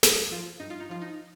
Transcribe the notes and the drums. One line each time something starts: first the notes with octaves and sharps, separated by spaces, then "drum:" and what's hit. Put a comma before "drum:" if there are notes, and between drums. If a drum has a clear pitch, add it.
G2 G#4, drum: snare
F3 F4
G2 D#4
F4
D#4
F3 F4
D#4